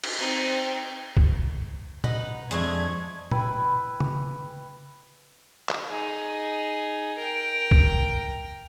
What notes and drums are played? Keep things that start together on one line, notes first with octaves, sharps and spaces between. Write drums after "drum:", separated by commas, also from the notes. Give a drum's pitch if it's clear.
drum: cymbal
C4 D#4
drum: kick
D#4 B4 F#5, drum: tom A#2
F2 G#3 A3 D4 G#6, drum: hi-hat
E4 B4 G5, drum: tom A#2
drum: tom C#3
drum: clap
D#4 G#4
A#4 G5
drum: kick